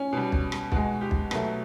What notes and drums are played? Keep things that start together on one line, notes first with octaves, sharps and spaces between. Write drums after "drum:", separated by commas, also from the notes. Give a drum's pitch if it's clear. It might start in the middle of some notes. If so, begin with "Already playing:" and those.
Already playing: C#4
B2 G3
drum: kick
drum: rim click
B2 G#3 F#4, drum: kick
G4
drum: kick
B2 F#3 A3, drum: rim click